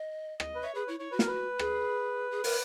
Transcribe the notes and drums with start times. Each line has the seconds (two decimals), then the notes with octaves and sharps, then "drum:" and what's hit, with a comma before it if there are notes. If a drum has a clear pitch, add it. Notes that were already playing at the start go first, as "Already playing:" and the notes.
Already playing: D#5
0.40 D#5, drum: rim click
0.55 B4
0.63 C#5 E5
0.75 G#4 B4
0.87 E4 C#5
0.99 E4 C#5
1.12 F#4 B4
1.19 A#4, drum: snare
1.27 B4
1.59 G#4, drum: rim click
2.31 G#4
2.44 A#4, drum: open hi-hat